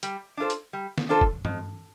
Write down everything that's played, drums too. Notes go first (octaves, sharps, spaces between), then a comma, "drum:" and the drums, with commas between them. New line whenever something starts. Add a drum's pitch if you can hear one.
G3, drum: hi-hat
D4 F4 A4 C5
drum: hi-hat
G3
drum: snare
D4 F4 A4 C5
drum: kick
F2, drum: tom G2